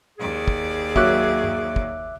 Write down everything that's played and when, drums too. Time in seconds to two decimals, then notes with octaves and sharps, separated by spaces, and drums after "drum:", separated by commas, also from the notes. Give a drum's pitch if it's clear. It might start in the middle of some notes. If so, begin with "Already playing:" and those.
0.18 D#2 G#4 D5
0.48 drum: kick
0.96 F#3 A#3 C#5 E5 D6 F#6, drum: kick
1.44 drum: tom G2
1.76 drum: kick